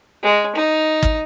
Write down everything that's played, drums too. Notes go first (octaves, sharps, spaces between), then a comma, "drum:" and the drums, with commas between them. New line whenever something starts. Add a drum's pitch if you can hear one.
G#3
D#4
drum: kick